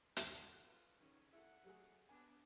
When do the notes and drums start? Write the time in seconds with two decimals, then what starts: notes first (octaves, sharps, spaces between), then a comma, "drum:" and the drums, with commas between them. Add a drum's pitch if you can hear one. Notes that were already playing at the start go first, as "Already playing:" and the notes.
0.17 G#2 F#3 A4 F#5, drum: hi-hat
0.62 F4 B4
1.00 D#3 C#4 G#4
1.33 E4 A4 F#5
1.64 F#3 A3 G#4
2.09 B3 D4 G#5